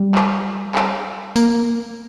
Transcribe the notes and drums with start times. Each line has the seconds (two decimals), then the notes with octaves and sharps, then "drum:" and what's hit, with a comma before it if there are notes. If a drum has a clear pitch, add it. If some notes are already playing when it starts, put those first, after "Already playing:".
Already playing: G3
0.15 drum: clap
0.75 drum: clap
1.36 A#3, drum: tambourine